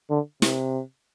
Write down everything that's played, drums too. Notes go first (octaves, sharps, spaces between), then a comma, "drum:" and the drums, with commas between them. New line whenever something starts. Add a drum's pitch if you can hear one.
D3
C3, drum: snare